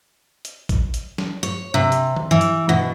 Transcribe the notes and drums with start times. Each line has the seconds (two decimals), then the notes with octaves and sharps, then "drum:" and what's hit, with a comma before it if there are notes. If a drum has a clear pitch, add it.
0.45 drum: hi-hat
0.69 drum: kick, hi-hat
0.94 drum: hi-hat
1.18 drum: snare
1.43 C#5, drum: hi-hat
1.74 C3
1.92 drum: hi-hat
2.16 drum: tom D3
2.31 E3
2.41 drum: hi-hat
2.69 B2